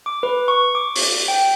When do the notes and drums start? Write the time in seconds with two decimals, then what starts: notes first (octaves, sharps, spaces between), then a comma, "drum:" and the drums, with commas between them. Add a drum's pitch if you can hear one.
0.06 D6
0.23 B4
0.48 C#6
0.75 D6
0.96 drum: open hi-hat
1.28 G5